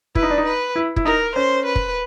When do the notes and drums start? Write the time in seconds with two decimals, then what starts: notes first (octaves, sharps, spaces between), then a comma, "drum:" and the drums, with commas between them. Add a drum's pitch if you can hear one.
0.15 E4 B4, drum: kick
0.23 D#4
0.30 D4
0.38 D#4
0.45 B4
0.76 E4
0.96 E4, drum: kick
1.05 D#4 A#4
1.35 C#4 C5
1.66 B4
1.76 drum: kick